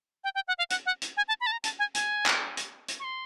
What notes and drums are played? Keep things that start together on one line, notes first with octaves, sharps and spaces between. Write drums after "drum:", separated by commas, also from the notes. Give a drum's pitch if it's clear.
G5
G5
F#5
F5
F#5, drum: hi-hat
F#5
drum: hi-hat
G#5
A5
B5
A5
A#5
A5, drum: hi-hat
G#5
G#5, drum: hi-hat
drum: clap
drum: hi-hat
drum: hi-hat
C#6
C6